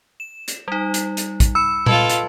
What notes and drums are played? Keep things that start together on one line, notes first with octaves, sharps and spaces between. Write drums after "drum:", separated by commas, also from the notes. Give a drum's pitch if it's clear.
E7
drum: hi-hat
G3 D#4
drum: hi-hat
drum: hi-hat
drum: kick, hi-hat
B5 E6 C#7
F4 A4 B4 D#5 B5, drum: tom A#2
drum: hi-hat